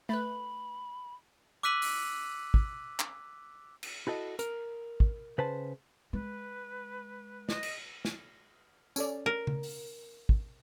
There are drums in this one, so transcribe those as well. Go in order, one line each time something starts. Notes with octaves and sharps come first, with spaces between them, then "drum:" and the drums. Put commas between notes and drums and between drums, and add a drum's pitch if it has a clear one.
A3 B4 B5
D6 E6 F#6 B6 D#7 F#7
drum: open hi-hat
drum: kick
drum: clap
drum: cymbal
E4 F#4 A4 D#5
A#4, drum: hi-hat
drum: kick
C#3 B4 C5 A5
G#3 B4
D#5, drum: snare
drum: cymbal
drum: snare
C#4 A4 D5, drum: tambourine
A#4
drum: tom C#3
drum: open hi-hat
drum: kick